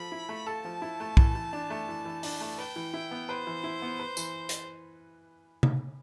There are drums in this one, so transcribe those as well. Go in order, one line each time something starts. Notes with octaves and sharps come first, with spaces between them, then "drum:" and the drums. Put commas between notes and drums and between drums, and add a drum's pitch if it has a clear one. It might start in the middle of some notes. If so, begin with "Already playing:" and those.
Already playing: F3 A4 B5
E4
A3
A4 A5
F3
E4
A3
E3, drum: kick
E3
D4
A3
E3
E3
D4, drum: open hi-hat
A3
B4 G5
E3
E4
B3
B4 C5
E3
E4
B3
B4
E3, drum: tambourine
drum: hi-hat
drum: tom C3